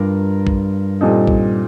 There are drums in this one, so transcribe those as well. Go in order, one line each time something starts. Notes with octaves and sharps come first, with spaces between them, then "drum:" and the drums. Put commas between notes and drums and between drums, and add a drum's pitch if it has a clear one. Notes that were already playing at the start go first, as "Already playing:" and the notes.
Already playing: G2 F4 A#4
drum: kick B1
A#2 G3 C4 D#4 A4
drum: kick B1